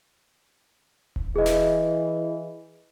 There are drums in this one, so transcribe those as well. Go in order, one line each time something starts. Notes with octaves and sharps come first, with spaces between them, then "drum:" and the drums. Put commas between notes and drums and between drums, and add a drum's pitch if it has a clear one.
drum: kick D#1
E3 G#4 D#5
drum: snare